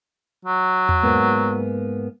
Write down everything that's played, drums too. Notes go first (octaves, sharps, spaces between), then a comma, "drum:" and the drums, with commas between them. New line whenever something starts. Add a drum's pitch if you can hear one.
F#3
drum: tom E2
G#2 A#3 B3